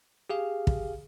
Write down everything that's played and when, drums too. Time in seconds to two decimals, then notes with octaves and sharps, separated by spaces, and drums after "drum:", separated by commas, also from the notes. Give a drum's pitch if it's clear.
0.30 G4 G#4 F5
0.67 drum: kick